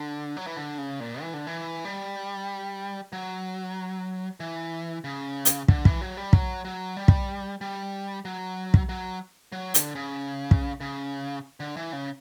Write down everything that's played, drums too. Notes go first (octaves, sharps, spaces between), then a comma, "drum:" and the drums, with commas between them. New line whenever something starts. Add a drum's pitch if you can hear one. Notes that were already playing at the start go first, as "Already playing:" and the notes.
Already playing: D3
F#3
E3
D3
C#3
A#2
E3
D3
E3
G3
F#3
E3
C#3
drum: hi-hat
D3, drum: kick
E3, drum: kick
F#3
G3
F#3, drum: kick
F#3
G3
drum: kick
G3
F#3
drum: kick
F#3
F#3
D3, drum: hi-hat
C#3
drum: kick
C#3
D3
E3
C#3